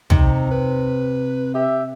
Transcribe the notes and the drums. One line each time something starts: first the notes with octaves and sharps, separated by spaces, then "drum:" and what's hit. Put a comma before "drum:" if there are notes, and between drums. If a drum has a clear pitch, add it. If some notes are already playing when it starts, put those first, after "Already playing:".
C3 D#4, drum: tom
B4
G4 E5